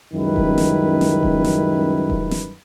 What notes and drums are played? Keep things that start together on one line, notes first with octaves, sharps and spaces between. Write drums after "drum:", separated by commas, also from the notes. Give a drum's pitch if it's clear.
C#2 F#2 D#3 G3 E4 B4
drum: kick D#1
drum: snare
drum: snare
drum: kick D#1
drum: snare
drum: kick D#1
drum: snare